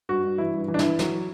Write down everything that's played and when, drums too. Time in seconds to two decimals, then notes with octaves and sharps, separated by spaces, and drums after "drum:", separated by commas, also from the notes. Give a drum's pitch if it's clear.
0.09 G2 F#4
0.24 G2
0.38 E3 E4
0.54 G2
0.68 E3
0.74 D4
0.79 E3 E4, drum: snare
0.99 F#3, drum: snare